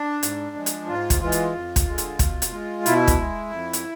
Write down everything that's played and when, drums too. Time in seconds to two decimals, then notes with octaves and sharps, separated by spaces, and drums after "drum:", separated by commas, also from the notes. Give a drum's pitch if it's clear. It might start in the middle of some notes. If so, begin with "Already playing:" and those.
Already playing: D4
0.23 G#2, drum: hi-hat
0.56 F3 G#3
0.66 drum: hi-hat
0.88 G#2 F4
1.10 drum: kick, hi-hat
1.21 E3 G#3 F4
1.32 drum: hi-hat
1.53 F2
1.76 drum: kick, hi-hat
1.87 D3 G#3
1.98 drum: hi-hat
2.19 B2, drum: kick, hi-hat
2.42 drum: hi-hat
2.53 G#3
2.86 B2 E4, drum: hi-hat
3.08 drum: kick, hi-hat
3.19 G#3
3.51 F2
3.73 drum: hi-hat